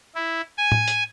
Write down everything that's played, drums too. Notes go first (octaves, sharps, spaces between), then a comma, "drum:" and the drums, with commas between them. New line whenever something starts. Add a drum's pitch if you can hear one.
E4
G#5
drum: tom A2
drum: hi-hat